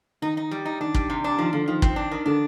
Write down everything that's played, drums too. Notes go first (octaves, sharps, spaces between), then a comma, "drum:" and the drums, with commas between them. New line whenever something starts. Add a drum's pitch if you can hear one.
D#3 D#4
D#4
G3
D#4
D#3 D4
G3, drum: kick
C3
D4
D#3 F3
D3 F3
D#3 F3
C4, drum: kick
D4
D#3
D3 D4